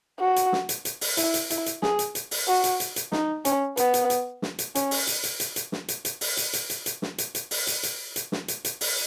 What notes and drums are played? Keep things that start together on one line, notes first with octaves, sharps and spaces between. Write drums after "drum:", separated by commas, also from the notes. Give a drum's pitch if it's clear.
F#4
drum: hi-hat
drum: snare
drum: hi-hat
drum: hi-hat
drum: open hi-hat
E4, drum: hi-hat
drum: hi-hat
E4, drum: hi-hat
drum: hi-hat
G#4, drum: snare
drum: hi-hat
drum: hi-hat
drum: open hi-hat
F#4
drum: hi-hat
drum: hi-hat
drum: hi-hat
D#4, drum: snare
C#4, drum: hi-hat
B3, drum: hi-hat
drum: hi-hat
drum: hi-hat
drum: snare
drum: hi-hat
C#4, drum: hi-hat
drum: open hi-hat
drum: hi-hat
drum: hi-hat
drum: hi-hat
drum: hi-hat
drum: snare
drum: hi-hat
drum: hi-hat
drum: open hi-hat
drum: hi-hat
drum: hi-hat
drum: hi-hat
drum: hi-hat
drum: snare
drum: hi-hat
drum: hi-hat
drum: open hi-hat
drum: hi-hat
drum: hi-hat
drum: hi-hat
drum: snare
drum: hi-hat
drum: hi-hat
drum: open hi-hat